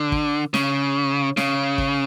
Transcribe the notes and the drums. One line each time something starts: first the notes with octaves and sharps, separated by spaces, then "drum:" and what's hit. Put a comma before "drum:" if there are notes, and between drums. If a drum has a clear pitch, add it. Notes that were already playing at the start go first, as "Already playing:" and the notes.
Already playing: D3
drum: kick
C#3, drum: snare
C#3, drum: snare
drum: kick